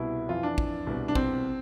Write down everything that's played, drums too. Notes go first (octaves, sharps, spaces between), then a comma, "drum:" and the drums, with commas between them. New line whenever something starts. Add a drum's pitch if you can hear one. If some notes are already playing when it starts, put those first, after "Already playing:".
Already playing: C2 B2 E4
F2 E3 F4
D4
drum: kick
C2 B2
D4
C4, drum: kick